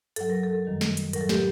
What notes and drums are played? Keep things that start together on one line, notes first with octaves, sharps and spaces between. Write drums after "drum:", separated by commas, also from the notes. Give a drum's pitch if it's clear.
G2 F#3 A4, drum: hi-hat
A#4
A4
F#2 D#3 G3
drum: snare
drum: hi-hat
A2 F#3 A#4, drum: hi-hat
A4
G4, drum: snare